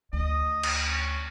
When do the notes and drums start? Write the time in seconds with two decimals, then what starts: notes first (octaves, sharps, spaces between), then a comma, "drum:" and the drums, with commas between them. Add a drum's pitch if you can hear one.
0.13 D2 D#5
0.63 drum: cymbal
0.87 C#4